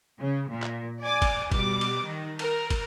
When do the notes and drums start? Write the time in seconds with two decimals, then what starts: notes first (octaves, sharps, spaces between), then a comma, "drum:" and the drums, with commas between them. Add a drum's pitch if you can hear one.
0.20 C#3
0.50 A#2
0.62 drum: clap
1.01 D5 G#5 D6
1.22 drum: kick, cymbal
1.52 B2 G3 D6, drum: kick, cymbal
1.81 drum: cymbal
2.03 D#3
2.39 A#4, drum: cymbal
2.70 drum: kick, cymbal